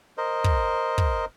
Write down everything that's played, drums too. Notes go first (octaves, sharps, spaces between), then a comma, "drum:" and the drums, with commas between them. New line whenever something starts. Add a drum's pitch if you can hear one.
A#4 C5 D#5
drum: kick
drum: kick